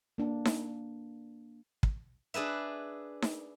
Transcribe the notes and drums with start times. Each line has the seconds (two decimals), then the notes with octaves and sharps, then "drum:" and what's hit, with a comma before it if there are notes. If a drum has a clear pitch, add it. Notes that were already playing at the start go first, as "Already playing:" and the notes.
0.18 A#3 D4
0.45 drum: snare D#4
1.83 drum: kick
2.34 D4 G#4 B4 E5
3.22 drum: snare D#4